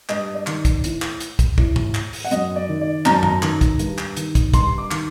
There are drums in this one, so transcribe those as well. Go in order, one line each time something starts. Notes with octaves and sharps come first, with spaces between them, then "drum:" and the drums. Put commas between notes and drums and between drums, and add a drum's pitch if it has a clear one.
G2 D#5, drum: clap
D5
D#3, drum: clap
drum: kick, hi-hat
A2, drum: hi-hat
drum: clap
drum: hi-hat
drum: kick, hi-hat
A2, drum: kick
drum: tom G#2
drum: clap
drum: open hi-hat
F#5
F#2 D#5, drum: hi-hat
D5
D#3
D5
F#2 A#5, drum: clap
A5
A#5, drum: tom G2
D#3, drum: clap
drum: kick, hi-hat
G2, drum: hi-hat
drum: clap
D#3, drum: hi-hat
drum: kick, hi-hat
G2 C6, drum: kick, hi-hat
D6
D#3, drum: clap